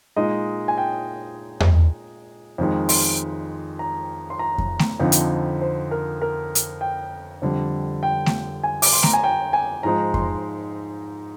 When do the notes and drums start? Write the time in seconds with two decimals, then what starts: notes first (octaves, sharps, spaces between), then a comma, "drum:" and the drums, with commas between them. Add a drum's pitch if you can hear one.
0.16 A#2 G#3 D#4 D#5
0.68 G#5
0.78 G5
1.60 drum: tom E2
2.58 F2 D#3 G#3
2.89 C6, drum: open hi-hat
3.79 A#5
4.30 C6
4.39 A#5
4.58 drum: kick F2
4.79 drum: snare A3
5.00 F2 D3 F3 C4 D#4
5.12 drum: hi-hat
5.61 C5
5.91 A#4
6.22 A#4
6.55 drum: hi-hat
6.81 G5
7.42 F2 D3 G3
8.03 G5
8.26 drum: snare A3
8.63 G#5
8.82 D6, drum: open hi-hat
8.93 C6
9.03 A#5, drum: snare A3
9.13 G#5
9.24 G5
9.53 G#5
9.83 G#2 F3 G#3 D#4 A#5
10.14 C6, drum: kick F2